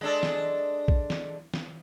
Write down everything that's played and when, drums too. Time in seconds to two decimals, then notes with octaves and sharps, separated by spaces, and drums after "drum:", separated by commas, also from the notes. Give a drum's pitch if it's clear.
0.01 G#3 D4 A4
0.23 drum: snare
0.88 drum: kick
1.10 drum: snare
1.54 drum: snare